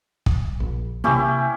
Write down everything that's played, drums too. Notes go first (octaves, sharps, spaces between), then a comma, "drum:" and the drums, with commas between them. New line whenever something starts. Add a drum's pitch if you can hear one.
drum: kick
A#1
C3 A#3 C#4 E4 G4